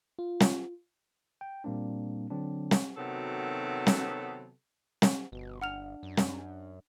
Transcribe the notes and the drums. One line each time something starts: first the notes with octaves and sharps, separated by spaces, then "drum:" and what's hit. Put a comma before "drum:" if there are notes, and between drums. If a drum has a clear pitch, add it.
F4
drum: snare
G5
A#2 G3 A#3 C4 D4
D3 F#3 C4 D4
drum: snare
C3 D#3 F#3 B3 F#4 A4
drum: snare
drum: snare
G1 B2
D4 F#5 F6 F7
F#2
drum: snare